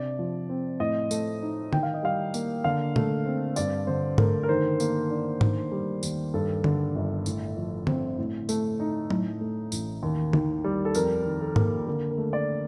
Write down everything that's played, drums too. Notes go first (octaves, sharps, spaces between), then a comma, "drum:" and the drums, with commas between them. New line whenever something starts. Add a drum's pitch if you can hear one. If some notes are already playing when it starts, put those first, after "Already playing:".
Already playing: C3 D4 D5
F3
C4
A2 D#5
A3, drum: tambourine
D#4
D#3 G5, drum: tom D3
F5
D#5
G3 F5
A#3, drum: tambourine
D3 F5
A3, drum: tom A#2
C4
G2 D5, drum: tambourine
D3 C5
A3 A#4, drum: tom G#2
A#4
D#3 C5
A#3, drum: tambourine
D4
D#3, drum: tom G#2
G3
D#2, drum: tambourine
G2 A4
D3, drum: tom D3
G1
A2, drum: tambourine
F3
C4, drum: tom D3
A2
A3, drum: tambourine
D#4
A2, drum: tom F#3
A3
A1, drum: tambourine
D#2
D#3, drum: tom D3
G3
A4
F2 A#4, drum: tambourine
D#3
A4
A#3, drum: tom G#2
D3 A#4
A#4
A3
D5